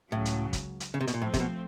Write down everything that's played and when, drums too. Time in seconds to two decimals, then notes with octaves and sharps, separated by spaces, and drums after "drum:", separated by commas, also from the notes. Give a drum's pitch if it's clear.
0.11 C#2 A2 C#3 F#3
0.25 drum: hi-hat
0.53 drum: kick, hi-hat
0.80 drum: hi-hat
0.94 C#3
1.01 C3
1.07 B2, drum: hi-hat
1.14 A#2
1.21 A2 F3 A3 C4
1.34 C3, drum: kick, hi-hat
1.40 B2